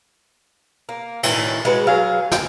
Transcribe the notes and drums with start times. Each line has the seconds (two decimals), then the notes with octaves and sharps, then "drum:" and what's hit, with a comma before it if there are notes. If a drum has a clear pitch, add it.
0.89 A#3
1.23 A2 D#3 E3, drum: cymbal
1.65 G#3 F#4 B4
1.87 F#3 G#4 F5
2.31 G5, drum: snare